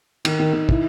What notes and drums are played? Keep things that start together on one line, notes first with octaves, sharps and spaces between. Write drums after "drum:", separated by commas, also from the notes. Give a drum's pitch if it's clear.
D#3, drum: cymbal
D#3
D#3
E4, drum: kick